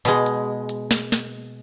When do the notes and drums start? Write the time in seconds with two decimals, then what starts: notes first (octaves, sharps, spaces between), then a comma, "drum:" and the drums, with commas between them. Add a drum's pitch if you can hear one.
0.05 B2 G#3
0.26 drum: hi-hat
0.69 drum: hi-hat
0.91 drum: snare
1.12 drum: snare